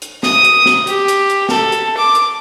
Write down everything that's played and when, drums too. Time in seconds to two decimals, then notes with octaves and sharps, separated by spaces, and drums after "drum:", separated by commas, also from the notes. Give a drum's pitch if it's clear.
0.02 drum: hi-hat
0.23 D#6, drum: snare
0.44 drum: hi-hat
0.66 drum: snare
0.87 G4, drum: hi-hat
1.08 drum: hi-hat
1.30 drum: hi-hat
1.49 A4, drum: snare
1.72 drum: hi-hat
1.97 D6
2.15 drum: hi-hat